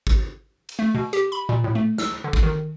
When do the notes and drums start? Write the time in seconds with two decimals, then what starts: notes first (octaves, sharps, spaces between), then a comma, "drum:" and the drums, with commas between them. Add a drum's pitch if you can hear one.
0.07 drum: kick
0.69 drum: cymbal
0.79 A3
0.95 B2
1.13 G4, drum: hi-hat
1.32 B5
1.49 A#2
1.64 A2
1.75 A3
1.98 E6, drum: snare
2.24 D3
2.33 drum: kick
2.43 D#3